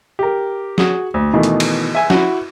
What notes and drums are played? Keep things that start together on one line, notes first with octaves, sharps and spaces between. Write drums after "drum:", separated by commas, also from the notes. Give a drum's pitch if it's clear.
G4 A#4
F#4 G#4, drum: snare
D2
B2 D#3 E3 A3
drum: hi-hat
drum: cymbal
E5 G#5
E4 F#4, drum: snare